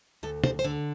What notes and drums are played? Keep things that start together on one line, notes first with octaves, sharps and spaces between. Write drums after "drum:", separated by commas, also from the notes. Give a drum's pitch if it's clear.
D2 A4
C5, drum: tom
C5
D3 A4